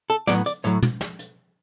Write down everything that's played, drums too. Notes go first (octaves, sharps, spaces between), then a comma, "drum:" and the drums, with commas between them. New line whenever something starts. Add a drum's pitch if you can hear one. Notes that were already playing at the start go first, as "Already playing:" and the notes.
A4
A2 F#3 B3 D5, drum: snare
D5, drum: hi-hat
A2 F#3 C#5
drum: tom
drum: snare
drum: hi-hat